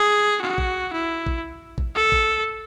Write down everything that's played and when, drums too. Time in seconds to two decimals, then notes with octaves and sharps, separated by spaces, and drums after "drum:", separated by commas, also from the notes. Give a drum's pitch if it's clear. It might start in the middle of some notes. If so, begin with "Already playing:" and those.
Already playing: G#4
0.41 F#4
0.58 drum: kick A1
0.93 E4
1.26 drum: kick A1
1.78 drum: kick A1
1.95 A4
2.12 drum: kick A1